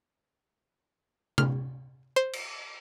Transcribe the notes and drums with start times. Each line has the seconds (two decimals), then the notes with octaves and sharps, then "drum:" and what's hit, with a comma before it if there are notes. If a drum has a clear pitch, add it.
1.38 F6, drum: tom C3
2.16 C5
2.33 drum: cymbal